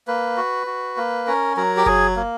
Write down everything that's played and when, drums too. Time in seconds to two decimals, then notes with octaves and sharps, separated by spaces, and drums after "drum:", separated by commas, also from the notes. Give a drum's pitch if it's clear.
0.08 A#3 B4
0.37 F#4
0.67 F#4
0.97 A#3
1.27 C#4 A#4
1.57 F#3 A#4
1.77 G4
1.86 F#3 G#4, drum: kick F#1
2.16 A#3